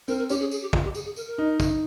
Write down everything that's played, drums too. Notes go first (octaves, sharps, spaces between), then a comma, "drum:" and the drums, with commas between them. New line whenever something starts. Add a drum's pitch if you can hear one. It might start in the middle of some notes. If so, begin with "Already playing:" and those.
C4 A#4, drum: tambourine
A#4
C#4 G4, drum: tambourine
G#4
G#4, drum: tambourine
G4
F4, drum: kick
G4
G#4, drum: tambourine
G#4
A#4, drum: tambourine
A#4
D#4
drum: kick, tambourine